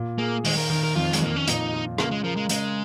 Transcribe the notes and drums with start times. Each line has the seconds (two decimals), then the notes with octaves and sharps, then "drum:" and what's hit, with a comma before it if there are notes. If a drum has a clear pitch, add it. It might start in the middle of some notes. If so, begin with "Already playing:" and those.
Already playing: A#2
0.18 A#3 G#4
0.45 D#3 G#3, drum: open hi-hat
0.58 A#4
0.70 D#3 A#4
0.83 A#4
0.95 F2 F4
1.13 G#3, drum: hi-hat
1.21 F2 A#3
1.36 C#4
1.48 A#2 D#4, drum: hi-hat
1.73 F4
1.98 C#3 A#3, drum: rim click
2.11 G#3
2.24 F3 A#4
2.36 G#3
2.49 C#3 G#3, drum: hi-hat